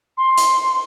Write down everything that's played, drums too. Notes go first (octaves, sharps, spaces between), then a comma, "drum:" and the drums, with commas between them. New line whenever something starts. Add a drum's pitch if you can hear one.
C6
drum: hi-hat